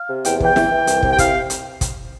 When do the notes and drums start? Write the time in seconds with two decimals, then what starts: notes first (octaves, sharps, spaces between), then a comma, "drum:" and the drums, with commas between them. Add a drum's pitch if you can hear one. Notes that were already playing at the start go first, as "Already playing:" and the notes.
Already playing: F5
0.09 C3
0.25 E2 G5, drum: hi-hat
0.40 E3, drum: kick
0.45 G5
0.56 E3, drum: snare
0.72 E3
0.87 C2, drum: hi-hat
1.03 C3, drum: kick
1.11 G5
1.18 C2 F5, drum: kick, hi-hat
1.50 drum: hi-hat
1.81 drum: kick, hi-hat